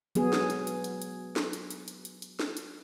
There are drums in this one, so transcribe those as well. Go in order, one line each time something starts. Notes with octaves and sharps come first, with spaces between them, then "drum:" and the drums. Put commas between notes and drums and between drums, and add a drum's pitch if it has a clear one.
F#3 B3 G#4, drum: hi-hat
drum: snare
drum: hi-hat
drum: hi-hat
drum: hi-hat
drum: hi-hat
drum: snare
drum: hi-hat
drum: hi-hat
drum: hi-hat
drum: hi-hat
drum: hi-hat
drum: snare
drum: hi-hat